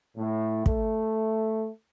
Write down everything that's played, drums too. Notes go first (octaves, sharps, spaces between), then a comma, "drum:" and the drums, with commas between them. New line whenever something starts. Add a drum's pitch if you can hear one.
A2
A3, drum: kick